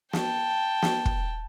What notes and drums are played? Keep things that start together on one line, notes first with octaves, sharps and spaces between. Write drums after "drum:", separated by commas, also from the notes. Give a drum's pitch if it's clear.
G5 A5, drum: snare
drum: snare
drum: kick